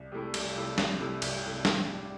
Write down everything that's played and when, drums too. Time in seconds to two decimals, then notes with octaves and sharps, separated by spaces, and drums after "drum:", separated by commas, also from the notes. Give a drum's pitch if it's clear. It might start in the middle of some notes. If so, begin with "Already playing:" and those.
Already playing: C2
0.12 C3 A3 E4
0.34 C2, drum: cymbal
0.56 C3 A3 E4
0.78 C2, drum: snare
0.99 C3 A3 E4
1.22 C2, drum: cymbal
1.43 C3 A3 E4
1.65 A2, drum: snare
1.88 G3 D4